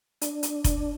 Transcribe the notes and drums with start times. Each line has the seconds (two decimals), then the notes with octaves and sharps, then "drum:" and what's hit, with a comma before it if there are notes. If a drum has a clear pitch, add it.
0.22 D4, drum: hi-hat
0.43 drum: hi-hat
0.64 drum: kick F1, hi-hat